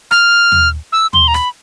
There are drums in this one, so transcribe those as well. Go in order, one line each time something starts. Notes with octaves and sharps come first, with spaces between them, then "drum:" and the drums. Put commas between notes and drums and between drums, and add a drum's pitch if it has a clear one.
F6, drum: rim click
drum: tom D#2
E6
C6, drum: tom D#2
A#5
B5, drum: rim click